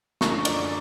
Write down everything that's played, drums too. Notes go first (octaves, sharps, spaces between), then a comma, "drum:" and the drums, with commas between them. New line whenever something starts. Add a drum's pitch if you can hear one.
F#2 D3 F3 C#6, drum: snare
D5, drum: cymbal